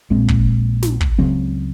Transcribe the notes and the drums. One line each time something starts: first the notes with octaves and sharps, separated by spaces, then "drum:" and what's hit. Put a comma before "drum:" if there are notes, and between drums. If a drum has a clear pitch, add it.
A#1 A#2 G#3 C4
drum: kick
drum: snare
drum: kick
C#2 C#3 F#3 C4